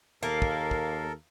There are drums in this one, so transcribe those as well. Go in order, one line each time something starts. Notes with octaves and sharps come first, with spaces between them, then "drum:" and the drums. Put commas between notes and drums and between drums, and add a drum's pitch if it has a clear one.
D#2 A#3 A4 A#4
drum: kick
drum: kick